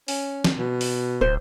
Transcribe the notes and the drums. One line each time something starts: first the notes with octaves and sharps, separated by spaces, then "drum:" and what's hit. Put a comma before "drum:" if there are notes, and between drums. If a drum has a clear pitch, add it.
C#4, drum: open hi-hat
drum: snare
B2
drum: open hi-hat
D1 C5